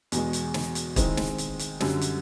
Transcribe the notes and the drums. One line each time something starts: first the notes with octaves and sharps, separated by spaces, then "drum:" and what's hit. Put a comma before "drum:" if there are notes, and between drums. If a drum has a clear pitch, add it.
E2 B2 G#3, drum: hi-hat
drum: hi-hat
drum: snare
drum: hi-hat
D#3 G#3 C4 E4, drum: kick, hi-hat
drum: snare
drum: hi-hat
drum: hi-hat
F#2 D3 G3, drum: snare
drum: hi-hat